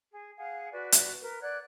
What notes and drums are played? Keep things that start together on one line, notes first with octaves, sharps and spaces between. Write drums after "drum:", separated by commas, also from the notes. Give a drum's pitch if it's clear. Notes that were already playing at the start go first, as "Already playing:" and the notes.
G#4
G#4 F5 F#5
F#4 B4 D5
drum: hi-hat
A#4 B4
D5 F#5 F#6 G#6